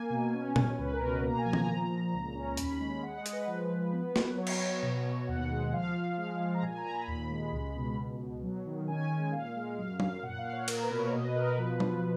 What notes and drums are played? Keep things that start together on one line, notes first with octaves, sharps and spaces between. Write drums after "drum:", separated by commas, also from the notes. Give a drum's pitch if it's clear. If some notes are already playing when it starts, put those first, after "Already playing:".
Already playing: A#3 G#5
B2
C#4
C#4, drum: tom A#2
C#2 B4
A#4
B2
B4
A#3 A#5
G#5
F3
A#5, drum: tom D#3
A#2
A#2
C#2
C#4
D#2 B5, drum: hi-hat
G#3 B5
G#3 F#5
D#5
G#3, drum: hi-hat
B4
F3
F3
B3
F#3, drum: snare
F#3 C#5
drum: cymbal
B3
B2
B2
D#2 F#5
G#3
F3 F5
F3
G#3 F5
F3
A#5
A#2 G#5
A#5
A#2
B5
D#2 B5
G#3
C#2
B2
C#2
B2
F#3
D#3
C#4 G#5
G#3
A#2 F5
G#3
F#2 F5
F#2 F5, drum: tom F#3
A#2 F#5
F5
A#2
C#5
A#3 A#4, drum: cymbal
B4
B2
C#5
B2 D#5
B4
B2 A#4
B4
F3
F3, drum: tom F#3